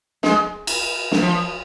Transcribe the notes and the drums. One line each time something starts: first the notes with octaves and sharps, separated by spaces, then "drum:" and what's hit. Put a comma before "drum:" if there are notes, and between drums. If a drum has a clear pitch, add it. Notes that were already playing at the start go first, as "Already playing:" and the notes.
G#3, drum: snare
drum: cymbal
drum: snare
F3